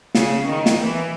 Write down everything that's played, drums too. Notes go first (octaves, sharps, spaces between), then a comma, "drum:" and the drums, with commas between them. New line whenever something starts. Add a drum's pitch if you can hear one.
C#3, drum: snare
D#3
drum: snare
E3